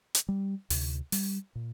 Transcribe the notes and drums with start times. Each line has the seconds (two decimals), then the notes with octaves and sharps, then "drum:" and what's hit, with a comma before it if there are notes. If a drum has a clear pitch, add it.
0.15 drum: hi-hat
0.28 G3
0.70 D2 C3, drum: open hi-hat
1.12 G3, drum: open hi-hat
1.55 A#2